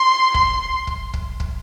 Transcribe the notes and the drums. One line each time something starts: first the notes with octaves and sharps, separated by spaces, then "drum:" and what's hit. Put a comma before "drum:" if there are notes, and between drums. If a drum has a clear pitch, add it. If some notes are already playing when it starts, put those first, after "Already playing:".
Already playing: C6
C6, drum: kick
drum: kick
drum: kick
drum: kick